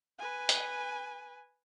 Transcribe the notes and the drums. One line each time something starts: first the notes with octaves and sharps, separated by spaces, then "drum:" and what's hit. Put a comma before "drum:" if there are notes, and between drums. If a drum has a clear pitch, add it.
B4 G#5
drum: hi-hat